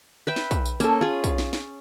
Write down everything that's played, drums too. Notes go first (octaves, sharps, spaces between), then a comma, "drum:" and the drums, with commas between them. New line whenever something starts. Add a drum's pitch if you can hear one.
B4 E5 G5
drum: snare
drum: kick, tambourine
drum: tambourine
A#3 C#4 A4, drum: tambourine
C#4 F4 G#4
drum: kick, tambourine
drum: snare
drum: snare